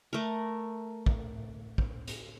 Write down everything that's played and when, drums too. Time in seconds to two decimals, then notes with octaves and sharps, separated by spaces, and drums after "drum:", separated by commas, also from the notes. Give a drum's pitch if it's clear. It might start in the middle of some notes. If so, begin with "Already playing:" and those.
0.13 A3 A#4
1.06 drum: kick
1.78 drum: kick
2.08 drum: hi-hat